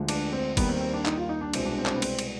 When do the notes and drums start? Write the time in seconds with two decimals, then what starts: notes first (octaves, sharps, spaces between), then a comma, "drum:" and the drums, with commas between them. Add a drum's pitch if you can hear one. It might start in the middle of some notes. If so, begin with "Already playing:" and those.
Already playing: D2 D3 F3 G#3
0.09 D4, drum: cymbal
0.33 C4
0.57 D#2 D#3 G3 B3, drum: kick G1, cymbal
0.68 C4
0.81 C4
0.93 D4
1.05 D#4, drum: clap
1.17 F4
1.29 D#4
1.41 D4
1.53 C2 B2 G#3 C4, drum: cymbal
1.65 D4
1.79 C4
1.86 D4, drum: clap
1.90 C4
1.96 B3
2.02 C4, drum: cymbal
2.19 drum: cymbal